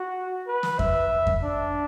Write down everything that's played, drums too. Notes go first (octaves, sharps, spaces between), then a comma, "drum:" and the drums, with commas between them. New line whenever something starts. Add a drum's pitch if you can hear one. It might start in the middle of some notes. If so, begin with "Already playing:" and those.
Already playing: F#4
B4
drum: snare
E5, drum: kick F2
drum: kick F2
D4